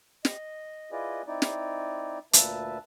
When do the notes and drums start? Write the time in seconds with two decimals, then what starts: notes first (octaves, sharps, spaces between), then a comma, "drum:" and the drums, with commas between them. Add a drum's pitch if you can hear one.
0.25 D#5, drum: snare
0.92 E4 F4 G#4 B4 D5 D#5
1.27 C4 D#4 E4 D5
1.42 drum: snare
2.33 D2 A#2 A#3 B4 E5 A5, drum: hi-hat